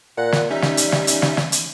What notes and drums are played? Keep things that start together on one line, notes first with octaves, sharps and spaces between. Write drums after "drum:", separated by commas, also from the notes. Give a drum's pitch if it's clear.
A#2 F#5 F#6
drum: snare
G3 C#4 D#4 E5
drum: snare
drum: hi-hat
drum: snare
drum: hi-hat
drum: snare
drum: snare
drum: hi-hat